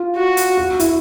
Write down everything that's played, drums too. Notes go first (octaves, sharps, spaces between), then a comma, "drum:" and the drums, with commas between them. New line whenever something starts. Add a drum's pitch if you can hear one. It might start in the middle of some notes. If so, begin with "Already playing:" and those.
Already playing: F4
F#4
drum: hi-hat
F#4
E4, drum: hi-hat